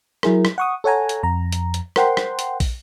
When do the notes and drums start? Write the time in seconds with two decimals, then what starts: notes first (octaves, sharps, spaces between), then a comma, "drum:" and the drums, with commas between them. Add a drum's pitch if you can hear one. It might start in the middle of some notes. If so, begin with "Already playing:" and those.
0.23 F#3 E4 G#4 A#4, drum: rim click
0.45 drum: rim click
0.58 F#5 C#6 D#6
0.84 A4 C#5 F#5 G#5 A#5
1.09 drum: hi-hat
1.23 F2 A#5
1.52 drum: hi-hat
1.74 drum: hi-hat
1.96 A#4 C5 F#5 G5 C6, drum: rim click
2.17 drum: rim click
2.39 drum: hi-hat
2.60 drum: kick, open hi-hat